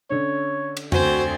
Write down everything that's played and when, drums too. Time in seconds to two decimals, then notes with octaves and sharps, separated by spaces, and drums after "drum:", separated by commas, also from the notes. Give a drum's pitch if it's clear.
0.10 D3 C#4 C#5
0.77 drum: cymbal
0.92 D2 C4 F#4 C5 G#5, drum: tom F2